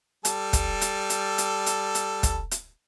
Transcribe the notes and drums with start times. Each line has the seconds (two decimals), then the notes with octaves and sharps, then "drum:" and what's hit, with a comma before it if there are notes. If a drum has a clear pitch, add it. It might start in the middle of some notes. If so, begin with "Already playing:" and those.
0.25 G3 A4, drum: hi-hat
0.53 drum: kick, hi-hat
0.81 drum: hi-hat
1.10 drum: hi-hat
1.38 drum: hi-hat
1.66 drum: hi-hat
1.95 drum: hi-hat
2.23 drum: kick, hi-hat
2.51 drum: hi-hat